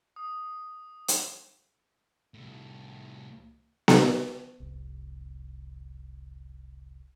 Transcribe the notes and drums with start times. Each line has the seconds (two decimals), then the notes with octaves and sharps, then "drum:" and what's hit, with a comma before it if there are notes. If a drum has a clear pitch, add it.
0.16 D#6
1.08 drum: hi-hat
2.34 C2 A2
3.88 drum: snare B3
4.60 F1 C2